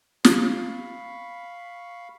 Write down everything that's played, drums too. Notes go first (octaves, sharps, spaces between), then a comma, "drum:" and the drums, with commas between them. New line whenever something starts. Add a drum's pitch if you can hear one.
F5 B5 C#6, drum: snare